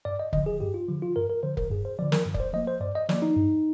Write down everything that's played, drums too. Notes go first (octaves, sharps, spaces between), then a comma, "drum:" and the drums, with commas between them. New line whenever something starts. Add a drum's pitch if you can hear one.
G2 D5
D#5
D3 F3 D#5, drum: kick
G#4
G2 G4
F4
D3 F3
F4
G2 A#4
A#4
D3 F3 C5
A#4, drum: kick
G2 G#4
C5
D3 F3 D5
A#4, drum: snare
G2
D5, drum: kick
C5
F3 A#3 D#5
C5
G2 D5
D#5
F3 A#3 D5, drum: snare
D#4
G2